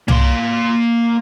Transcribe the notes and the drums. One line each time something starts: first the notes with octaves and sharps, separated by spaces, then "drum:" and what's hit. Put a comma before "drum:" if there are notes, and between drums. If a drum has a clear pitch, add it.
A#3 C6, drum: tom C2